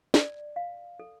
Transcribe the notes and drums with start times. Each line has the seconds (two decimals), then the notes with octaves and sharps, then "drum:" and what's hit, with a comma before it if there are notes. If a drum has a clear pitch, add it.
0.14 D5, drum: snare
0.56 F5
1.00 A4